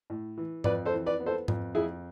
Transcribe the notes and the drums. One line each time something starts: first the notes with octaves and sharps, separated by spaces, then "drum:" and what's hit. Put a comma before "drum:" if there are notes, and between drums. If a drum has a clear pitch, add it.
A2
E3
F2 B4 D5, drum: tom G#2
A4 C5
E3
B4 D5
B3
A4 C5
F2, drum: tom G#2
F2 E4 G#4